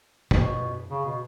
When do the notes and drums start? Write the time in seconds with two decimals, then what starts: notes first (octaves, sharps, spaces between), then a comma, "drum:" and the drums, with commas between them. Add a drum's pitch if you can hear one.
0.31 B2, drum: kick
0.91 C#3
1.06 B2